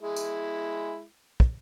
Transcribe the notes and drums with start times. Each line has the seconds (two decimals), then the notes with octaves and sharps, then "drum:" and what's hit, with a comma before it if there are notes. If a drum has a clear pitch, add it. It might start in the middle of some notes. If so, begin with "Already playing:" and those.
0.01 G#3 E4
0.16 drum: tambourine
1.40 drum: kick